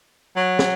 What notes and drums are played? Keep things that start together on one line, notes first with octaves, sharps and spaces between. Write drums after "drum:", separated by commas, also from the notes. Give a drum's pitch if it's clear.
F#3
drum: snare